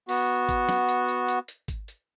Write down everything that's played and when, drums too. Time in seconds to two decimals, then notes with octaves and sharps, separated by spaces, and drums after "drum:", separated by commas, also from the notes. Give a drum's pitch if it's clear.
0.09 B3 F#4, drum: open hi-hat
0.49 drum: kick G#1, hi-hat
0.69 drum: snare
0.89 drum: hi-hat
1.08 drum: hi-hat
1.28 drum: hi-hat
1.48 drum: hi-hat
1.68 drum: kick G#1, hi-hat
1.88 drum: hi-hat